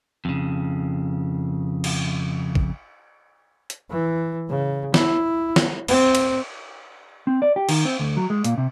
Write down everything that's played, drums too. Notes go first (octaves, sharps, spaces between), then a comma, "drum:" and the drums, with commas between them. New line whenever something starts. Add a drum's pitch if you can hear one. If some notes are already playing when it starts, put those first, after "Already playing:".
F2 C#3
drum: cymbal
drum: kick
drum: hi-hat
E3
C#3
E4, drum: snare
drum: snare
C4, drum: cymbal
drum: cymbal
C4
D5
G4
D#3, drum: cymbal
C4
D2
F#3
G#3
A#2, drum: hi-hat
C3